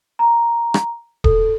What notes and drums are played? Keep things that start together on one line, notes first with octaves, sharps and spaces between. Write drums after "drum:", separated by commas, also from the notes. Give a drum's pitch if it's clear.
A#5
drum: rim click
A4, drum: kick D#1